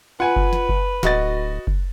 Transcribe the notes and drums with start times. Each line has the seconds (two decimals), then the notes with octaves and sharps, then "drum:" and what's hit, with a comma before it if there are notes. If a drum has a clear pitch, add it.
0.20 F4 B4 F#5 G#5
0.36 drum: kick F#1
0.53 drum: snare
0.69 drum: kick F#1
1.03 D1 F#4 D#5 A6, drum: snare
1.67 drum: kick F#1